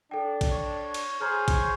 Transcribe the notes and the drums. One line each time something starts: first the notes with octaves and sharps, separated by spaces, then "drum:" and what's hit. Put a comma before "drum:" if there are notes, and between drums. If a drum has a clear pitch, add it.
D4 A4 G5
drum: kick A1, cymbal
C#5
drum: cymbal
G#4 C5 C#5 A#5 F6
drum: kick A1, cymbal